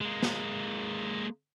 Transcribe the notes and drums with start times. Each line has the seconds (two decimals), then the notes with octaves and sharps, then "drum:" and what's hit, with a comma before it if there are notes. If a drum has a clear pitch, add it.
0.01 G#3 A#3
0.23 drum: snare